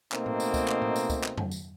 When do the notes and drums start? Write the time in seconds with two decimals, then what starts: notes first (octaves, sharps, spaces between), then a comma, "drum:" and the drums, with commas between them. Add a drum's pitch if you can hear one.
0.12 B2 A3 A#3 C4 D#4, drum: clap
0.26 drum: tom A2
0.40 drum: tambourine
0.54 drum: kick C#2, tambourine
0.68 drum: clap
0.82 drum: tom A2
0.96 drum: tambourine
1.10 drum: kick C#2, tambourine
1.24 drum: clap
1.38 drum: tom
1.51 drum: tambourine